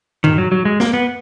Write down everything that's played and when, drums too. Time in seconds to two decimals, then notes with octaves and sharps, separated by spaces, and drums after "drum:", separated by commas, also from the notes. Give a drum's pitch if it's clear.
0.24 D#3, drum: tom F#2
0.38 F#3
0.52 F#3
0.65 G#3
0.80 A#3, drum: snare
0.93 B3